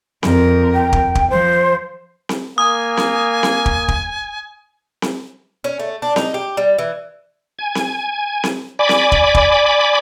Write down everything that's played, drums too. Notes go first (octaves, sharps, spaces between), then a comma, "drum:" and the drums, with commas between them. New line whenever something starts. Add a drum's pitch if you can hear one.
F2 A#4, drum: snare C4
G5
drum: kick
drum: kick
F3 C5
drum: snare C4
A#3 G#5 D#6
drum: snare C4
drum: snare C4
drum: kick
drum: kick
drum: snare C4
C#4
A3
D4
D#4, drum: snare C4
G4
G3
E3
G#5
drum: snare C4
drum: snare C4
D5 G#5 B5 D6
drum: snare C4
drum: kick
drum: kick